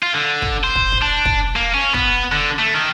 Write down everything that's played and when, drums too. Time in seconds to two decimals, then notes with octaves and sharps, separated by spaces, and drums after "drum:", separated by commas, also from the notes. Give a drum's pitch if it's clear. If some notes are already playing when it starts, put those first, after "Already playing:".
0.02 F4
0.14 D3
0.42 drum: kick
0.64 C5
0.75 drum: kick
0.92 drum: kick
1.02 D4
1.25 drum: kick
1.56 A#3
1.74 C#4
1.94 B3, drum: kick
2.32 D3
2.59 A3
2.74 D#3